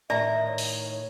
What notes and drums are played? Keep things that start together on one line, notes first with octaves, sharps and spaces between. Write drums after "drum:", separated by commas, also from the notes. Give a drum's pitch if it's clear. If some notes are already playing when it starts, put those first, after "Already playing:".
A2 D#3 D5 E5 A#5
C#5
drum: open hi-hat